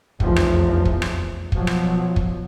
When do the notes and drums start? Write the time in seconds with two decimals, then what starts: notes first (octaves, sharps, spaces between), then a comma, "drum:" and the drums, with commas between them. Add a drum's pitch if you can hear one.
0.20 F1 B1 E2 F3, drum: kick
0.36 drum: rim click
0.85 drum: kick
1.02 drum: rim click
1.52 B2 F3 F#3, drum: kick
1.67 drum: rim click
2.16 drum: kick